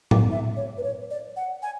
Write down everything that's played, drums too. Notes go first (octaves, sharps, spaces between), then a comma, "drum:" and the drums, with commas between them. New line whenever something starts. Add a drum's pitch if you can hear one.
D6, drum: tom A2
E5
C#5
B4
C#5
D5
F#5
G#5